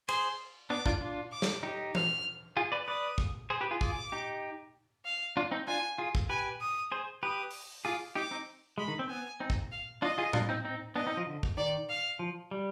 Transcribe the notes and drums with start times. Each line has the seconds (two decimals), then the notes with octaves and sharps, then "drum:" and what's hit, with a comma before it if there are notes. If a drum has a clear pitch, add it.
0.08 G#4 C5 C6, drum: cymbal
0.70 B3 D4 D6
0.86 D4 F4, drum: kick
1.01 D4 F4
1.32 D6
1.42 drum: snare
1.63 D#4 G4
1.95 F6, drum: tom E3
2.57 F4 G#4
2.72 B4 D5
2.87 B4 D5 D#6
3.18 drum: kick
3.50 G#4 C5
3.61 G4 B4
3.71 F4 G#4
3.81 F4 G#4 D6, drum: kick
4.12 D#4 G4
5.05 F5
5.37 D4 F4
5.51 C4 D#4
5.67 D4 F4 G#5
5.98 F4 G#4
6.15 drum: kick
6.29 G4 B4 G#5
6.61 D#6
6.92 G#4 C5
7.23 G4 B4 D#6
7.51 drum: open hi-hat
7.85 F4 G#4 D6
8.15 D#4 G4 D6
8.31 C4 D#4
8.78 G#3 B5
8.88 D#3
8.99 C4
9.09 B3 G#5
9.40 C4 D#4
9.50 drum: kick
9.71 F5
10.02 D4 F4 D#5
10.18 F4 G#4
10.33 D4 F4, drum: tom A2
10.49 C4 D#4
10.65 C4 D#4
10.96 B3 D4 D#5
11.07 C4 D#4
11.17 F3
11.27 D3
11.43 drum: kick
11.57 D#3 D5
11.89 F5
12.19 F3
12.51 G3